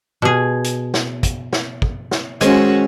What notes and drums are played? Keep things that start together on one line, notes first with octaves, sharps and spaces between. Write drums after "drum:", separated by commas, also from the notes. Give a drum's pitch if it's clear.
B2 G#4
drum: hi-hat
drum: snare
drum: kick, hi-hat
drum: snare
drum: kick
drum: snare
D#3 G#3 C4 C#4 F#4 G#5, drum: hi-hat